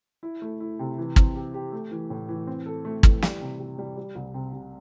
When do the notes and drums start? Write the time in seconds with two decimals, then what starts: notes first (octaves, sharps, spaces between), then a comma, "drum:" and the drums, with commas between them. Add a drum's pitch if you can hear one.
0.23 E4
0.42 A3
0.60 E4
0.79 C3
0.98 E3
1.16 C4, drum: kick
1.35 G4
1.54 G4
1.72 A3
1.91 E3
2.10 A2
2.29 E3
2.47 C4
2.66 A4
2.85 A3
3.03 E3, drum: kick
3.22 G3, drum: snare
3.41 C3
3.60 G3
3.78 G3
3.97 G3
4.15 C2
4.34 C3
4.53 C3